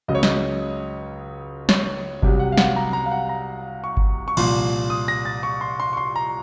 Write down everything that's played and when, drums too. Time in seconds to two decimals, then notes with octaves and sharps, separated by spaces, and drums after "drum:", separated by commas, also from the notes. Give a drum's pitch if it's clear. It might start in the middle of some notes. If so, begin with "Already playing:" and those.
0.08 C#2 C#3 F#3 D#5
0.15 C#5
0.23 D#5, drum: snare
1.69 C#5, drum: snare
2.23 C2 C3 F#3, drum: kick G1
2.40 F#5
2.52 F5
2.57 F#5, drum: snare
2.76 A#5
2.93 A#5
3.06 F5
3.11 F#5
3.29 A#5
3.84 C#6
3.97 drum: kick G1
4.28 C#6
4.37 C2 A#2 F3 C6, drum: cymbal
4.90 D#6
5.08 A#6
5.25 A6
5.43 C#6
5.61 C6
5.80 C6
5.93 C#6
5.97 C6
6.16 A#5